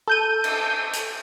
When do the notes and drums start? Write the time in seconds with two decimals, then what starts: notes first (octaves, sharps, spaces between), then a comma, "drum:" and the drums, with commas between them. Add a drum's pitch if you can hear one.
0.08 A4 G6 D#7
0.44 drum: cymbal
0.93 drum: hi-hat